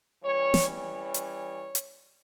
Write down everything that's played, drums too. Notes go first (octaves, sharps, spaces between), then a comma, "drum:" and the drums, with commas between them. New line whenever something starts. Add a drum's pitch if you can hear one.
E3 G3 C#4 C#5
drum: snare
C#5
drum: hi-hat
drum: hi-hat